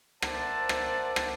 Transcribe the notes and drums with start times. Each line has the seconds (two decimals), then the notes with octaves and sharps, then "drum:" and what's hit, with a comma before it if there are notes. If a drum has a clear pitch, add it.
0.22 A#4 C5 D5 E5 F#5 A5, drum: rim click
0.69 drum: rim click
1.16 drum: rim click